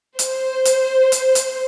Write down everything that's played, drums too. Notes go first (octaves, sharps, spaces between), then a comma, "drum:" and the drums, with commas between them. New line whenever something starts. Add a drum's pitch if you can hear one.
C5, drum: hi-hat
drum: hi-hat
drum: hi-hat
drum: hi-hat